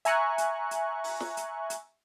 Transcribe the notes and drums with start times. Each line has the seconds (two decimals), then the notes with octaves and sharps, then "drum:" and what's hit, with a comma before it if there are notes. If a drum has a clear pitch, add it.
0.05 E5 G#5 A#5 C#6 F#6, drum: hi-hat
0.38 drum: hi-hat
0.71 drum: hi-hat
1.04 drum: open hi-hat
1.20 drum: snare
1.37 drum: hi-hat
1.70 drum: hi-hat